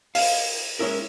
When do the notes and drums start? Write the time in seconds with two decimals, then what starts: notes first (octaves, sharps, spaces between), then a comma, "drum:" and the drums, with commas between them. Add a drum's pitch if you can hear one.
0.15 F5, drum: open hi-hat
0.79 G#3 C#4 E4 A#4